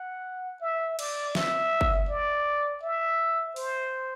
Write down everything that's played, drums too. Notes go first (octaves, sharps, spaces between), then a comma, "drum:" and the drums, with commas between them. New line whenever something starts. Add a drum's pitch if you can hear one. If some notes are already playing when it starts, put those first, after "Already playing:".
Already playing: F#5
E5
D5, drum: cymbal
E5, drum: snare
drum: kick G1
D5
E5
C5, drum: open hi-hat